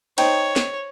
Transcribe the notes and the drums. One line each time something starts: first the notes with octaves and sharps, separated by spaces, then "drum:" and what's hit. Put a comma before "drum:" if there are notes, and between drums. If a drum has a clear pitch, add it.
D#4 C5 C#5 G5, drum: cymbal
drum: snare